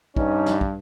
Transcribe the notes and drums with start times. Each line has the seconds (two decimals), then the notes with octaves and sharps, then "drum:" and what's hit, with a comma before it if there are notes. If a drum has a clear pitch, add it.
0.17 G2 C#4 D#4, drum: kick
0.46 drum: snare
0.61 drum: kick